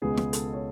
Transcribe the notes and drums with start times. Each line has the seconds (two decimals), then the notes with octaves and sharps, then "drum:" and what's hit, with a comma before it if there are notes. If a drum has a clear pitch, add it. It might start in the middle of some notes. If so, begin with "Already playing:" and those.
0.02 C#2 B2 G#3 B3 G#4
0.17 drum: snare
0.33 A4, drum: hi-hat
0.53 C#5